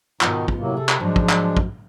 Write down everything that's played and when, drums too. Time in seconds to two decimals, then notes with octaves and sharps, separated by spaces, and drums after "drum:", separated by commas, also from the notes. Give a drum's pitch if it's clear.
0.21 G#2 B2 D#3 B3 D#4 F4, drum: clap
0.48 drum: kick
0.59 A2 C3 F#3 A#3
0.77 G#4 A4
0.89 drum: clap
1.00 G#2 F3 F#3 G#3 D4
1.16 drum: kick
1.29 drum: clap
1.57 drum: kick